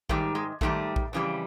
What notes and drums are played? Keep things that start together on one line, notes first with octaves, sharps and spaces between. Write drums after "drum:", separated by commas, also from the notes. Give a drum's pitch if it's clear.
G#2 D#3 G3 A3, drum: kick A#1
G#3
G#2 D#3 G3 A3, drum: kick A#1
drum: kick A#1
F2 C#3 E3 G3